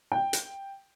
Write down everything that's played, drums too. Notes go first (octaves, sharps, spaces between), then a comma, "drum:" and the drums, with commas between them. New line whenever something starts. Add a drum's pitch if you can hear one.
G5
drum: hi-hat